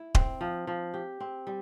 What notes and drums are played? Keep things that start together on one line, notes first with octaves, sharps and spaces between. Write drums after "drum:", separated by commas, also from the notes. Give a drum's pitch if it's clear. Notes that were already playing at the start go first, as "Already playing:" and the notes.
Already playing: E4
C4, drum: kick D#1
F3
F3
G4
C4
G3